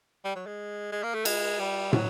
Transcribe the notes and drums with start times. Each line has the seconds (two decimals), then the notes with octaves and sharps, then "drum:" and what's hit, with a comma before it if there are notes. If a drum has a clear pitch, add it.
0.25 G3
0.36 F#3
0.47 G#3
0.92 G#3
1.04 A#3
1.14 A3
1.25 G#3, drum: cymbal
1.60 G3
1.93 F#3, drum: tom